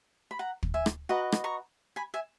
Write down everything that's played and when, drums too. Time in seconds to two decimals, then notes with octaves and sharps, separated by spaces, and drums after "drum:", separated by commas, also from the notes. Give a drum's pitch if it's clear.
0.31 B5
0.39 F#5 A#5
0.63 drum: kick
0.74 E5 G#5
0.86 drum: rim click
1.09 F#4 B4 D#5 F#5 A#5
1.32 drum: rim click
1.44 A#5 C#6
1.96 G#5 B5
2.14 E5 G#5